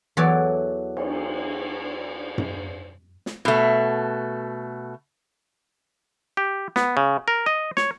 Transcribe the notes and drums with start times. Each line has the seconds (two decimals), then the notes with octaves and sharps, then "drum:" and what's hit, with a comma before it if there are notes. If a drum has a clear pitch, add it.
0.17 E2 E3 F#3 A4 C#5 D5
0.97 drum: cymbal
2.38 drum: tom F#2
3.26 drum: snare
3.45 B2 A3
6.37 G4
6.76 B3, drum: snare
6.97 C#3
7.28 A#4
7.46 D#5
7.77 C#5, drum: snare